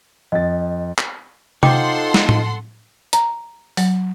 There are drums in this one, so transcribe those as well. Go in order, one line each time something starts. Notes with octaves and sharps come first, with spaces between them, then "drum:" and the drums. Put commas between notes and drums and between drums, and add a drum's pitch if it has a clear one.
F2 D#5 A6
drum: clap
D#4 F4 A4 C5 F#5 G5 C6 D6, drum: tom C3
drum: snare
drum: tom A2
A#5, drum: hi-hat
F#3, drum: open hi-hat